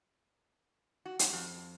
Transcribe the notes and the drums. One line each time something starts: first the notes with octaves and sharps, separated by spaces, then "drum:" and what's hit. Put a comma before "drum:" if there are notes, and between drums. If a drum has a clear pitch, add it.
F#4
G4, drum: hi-hat
F2